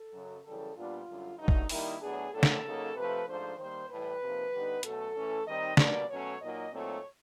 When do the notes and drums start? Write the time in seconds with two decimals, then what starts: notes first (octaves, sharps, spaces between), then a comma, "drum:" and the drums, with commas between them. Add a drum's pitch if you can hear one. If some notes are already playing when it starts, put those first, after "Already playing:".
Already playing: A4
0.13 F#2 C#3 F#3
0.44 F#2 C#3 E3 G3 A4
0.75 A#2 G3 B3 D4 F4
1.07 F#2 D3 G3
1.38 G2 D3 F#3 A3 D#4
1.48 drum: kick
1.69 D#3 G3 A#3 D#4 E4, drum: open hi-hat
2.01 A2 F#3 B3 D4 G#4
2.33 A2 F#3 A#3 D4 A4
2.43 drum: snare
2.64 C#3 F#3 A#3 D#4
2.95 C3 F3 A3 B4
3.27 G#2 F3 A3 D4 C5
3.58 D#3 G3 A#3 C5
3.89 A2 E3 G3 B4
4.20 C3 F3 A#3 D#4
4.52 D3 G3 B3 D#4
4.83 B2 F#3 A3 C#4 A4, drum: hi-hat
5.15 A2 E3 A3 C#4
5.46 D#3 G3 C4 D#4 D#5
5.77 B2 G3 A#3 D4 D5, drum: snare
6.09 B2 F#3 A3 C#4 C#5
6.40 A#2 F#3 A#3 D#4 D#5
6.72 A#2 F#3 A3 C4 D#4 C#5